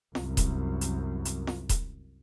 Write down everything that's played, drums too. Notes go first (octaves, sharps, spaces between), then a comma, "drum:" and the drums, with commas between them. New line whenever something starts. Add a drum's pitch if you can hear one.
C2 F#2, drum: snare F4
drum: kick D#1, hi-hat
drum: hi-hat
drum: hi-hat
drum: snare F4
drum: kick D#1, hi-hat